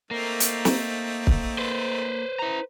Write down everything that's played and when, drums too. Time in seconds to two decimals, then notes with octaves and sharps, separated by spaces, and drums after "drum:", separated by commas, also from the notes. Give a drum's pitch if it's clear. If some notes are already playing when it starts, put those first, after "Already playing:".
0.11 A3 A#3 C4 D#4
0.40 drum: hi-hat
0.65 drum: snare
1.27 drum: kick
1.58 B4 C5
2.39 E4 A#5